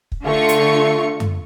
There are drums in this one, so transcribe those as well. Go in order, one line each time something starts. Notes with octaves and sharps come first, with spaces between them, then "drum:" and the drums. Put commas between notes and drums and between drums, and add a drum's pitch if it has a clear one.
drum: kick
D3 A3 F4 C#6
drum: hi-hat
drum: tom F#2